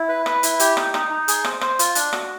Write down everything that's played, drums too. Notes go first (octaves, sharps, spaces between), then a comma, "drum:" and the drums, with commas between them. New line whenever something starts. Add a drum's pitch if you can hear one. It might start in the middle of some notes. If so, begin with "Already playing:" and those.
Already playing: E4
B4
B4, drum: rim click
E4, drum: hi-hat
G4, drum: hi-hat
D#4, drum: rim click
D#4, drum: rim click
D#4
G#4, drum: hi-hat
C5, drum: rim click
C5, drum: rim click
F4, drum: hi-hat
D4, drum: hi-hat
F#4, drum: rim click